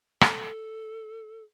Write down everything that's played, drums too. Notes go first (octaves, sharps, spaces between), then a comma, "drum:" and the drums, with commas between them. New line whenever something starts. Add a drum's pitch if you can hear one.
A4, drum: rim click